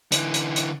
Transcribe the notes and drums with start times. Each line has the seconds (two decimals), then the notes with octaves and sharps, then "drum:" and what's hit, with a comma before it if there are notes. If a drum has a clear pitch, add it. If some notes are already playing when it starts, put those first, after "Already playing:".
0.12 D3 E3, drum: hi-hat
0.34 drum: hi-hat
0.56 drum: hi-hat